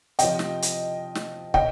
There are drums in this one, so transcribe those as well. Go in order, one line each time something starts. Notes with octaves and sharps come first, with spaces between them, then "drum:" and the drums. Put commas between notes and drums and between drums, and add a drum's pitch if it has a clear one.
C3 F3 D#5 G5, drum: hi-hat
drum: snare
drum: hi-hat
drum: snare
A#2 D#5 G5, drum: kick